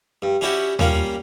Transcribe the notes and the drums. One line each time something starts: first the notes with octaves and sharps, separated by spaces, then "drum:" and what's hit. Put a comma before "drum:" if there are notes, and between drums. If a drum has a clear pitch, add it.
G2
C#4 D4 E4 F#4 G4
G3 A#3 C#4 D4 F4, drum: tom D#2